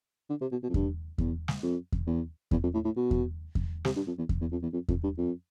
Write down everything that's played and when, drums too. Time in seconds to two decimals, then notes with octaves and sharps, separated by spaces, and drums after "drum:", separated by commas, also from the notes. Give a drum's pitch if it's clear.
0.30 D3
0.41 C3
0.51 B2
0.63 B2
0.69 F2
0.74 G2, drum: kick E2
1.18 E2, drum: kick E2
1.48 drum: snare
1.63 F2
1.92 drum: kick E2
2.07 E2
2.51 E2, drum: kick E2
2.63 F2
2.74 A2
2.85 A2
2.96 B2
3.11 drum: kick E2
3.55 drum: kick E2
3.85 C3, drum: snare
3.96 G2
4.07 F2
4.18 E2
4.29 drum: kick E2
4.41 E2
4.52 F2
4.62 E2
4.73 F2
4.88 F2, drum: kick E2
5.03 G2
5.18 F2